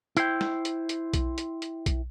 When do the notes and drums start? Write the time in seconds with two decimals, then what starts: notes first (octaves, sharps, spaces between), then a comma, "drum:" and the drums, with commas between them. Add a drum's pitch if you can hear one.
0.17 E4 C5 G5, drum: hi-hat
0.41 drum: snare
0.65 drum: hi-hat
0.89 drum: hi-hat
1.14 drum: kick B1, hi-hat
1.38 drum: hi-hat
1.62 drum: hi-hat
1.86 drum: kick B1, hi-hat